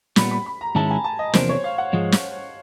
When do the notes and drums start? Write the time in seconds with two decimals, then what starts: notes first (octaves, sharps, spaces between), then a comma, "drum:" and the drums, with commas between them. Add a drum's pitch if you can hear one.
0.16 A#2 G3 B3 B5, drum: snare
0.31 B5
0.46 B5
0.61 A#5
0.75 G#2 D#3 G#3 C#4 E4 A5
0.91 G#5
1.04 A5
1.19 D#5
1.34 E2 C3 F3 A#3 D4 C5, drum: snare
1.49 C#5
1.64 F5
1.78 F#5
1.93 G#2 F3 G#3
2.12 drum: snare